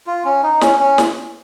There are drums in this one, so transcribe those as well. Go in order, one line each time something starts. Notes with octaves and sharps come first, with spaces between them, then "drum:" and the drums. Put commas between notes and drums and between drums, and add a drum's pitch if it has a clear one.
F4
C#4
D#4
C#4, drum: snare
C#4
drum: snare